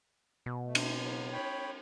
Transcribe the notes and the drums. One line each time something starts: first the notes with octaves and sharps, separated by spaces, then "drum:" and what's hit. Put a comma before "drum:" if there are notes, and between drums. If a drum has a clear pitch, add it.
B2
A3
drum: cymbal
C#3 F#3 B3
C#5 G5 B5